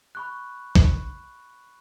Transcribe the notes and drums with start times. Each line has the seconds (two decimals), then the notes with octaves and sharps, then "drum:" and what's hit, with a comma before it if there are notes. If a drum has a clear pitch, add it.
0.15 B5 C#6 F#6
0.76 drum: kick